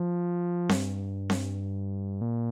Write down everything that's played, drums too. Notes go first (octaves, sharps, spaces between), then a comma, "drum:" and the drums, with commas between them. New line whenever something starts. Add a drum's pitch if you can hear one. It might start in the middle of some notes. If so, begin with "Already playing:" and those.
Already playing: F3
G2, drum: snare C4
drum: snare C4
A#2